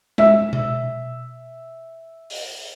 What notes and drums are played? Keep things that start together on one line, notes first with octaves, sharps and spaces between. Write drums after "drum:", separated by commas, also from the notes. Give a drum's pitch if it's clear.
E5 E6, drum: tom G#3
drum: tom B2
drum: open hi-hat